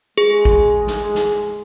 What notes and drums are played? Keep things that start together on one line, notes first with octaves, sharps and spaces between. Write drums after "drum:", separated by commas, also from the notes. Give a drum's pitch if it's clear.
G#3 G#4
drum: kick G#1
drum: snare
drum: snare